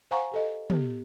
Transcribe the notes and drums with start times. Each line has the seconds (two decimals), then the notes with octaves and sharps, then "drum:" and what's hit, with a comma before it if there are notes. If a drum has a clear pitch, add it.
0.11 C5 F5 F#5 G#5 A#5 C#6
0.32 G4 A4 D#5
0.70 B3 G4, drum: tom